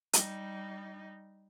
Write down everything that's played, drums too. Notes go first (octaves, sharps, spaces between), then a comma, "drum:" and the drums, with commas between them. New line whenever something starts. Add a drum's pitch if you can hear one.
G3 D#4, drum: hi-hat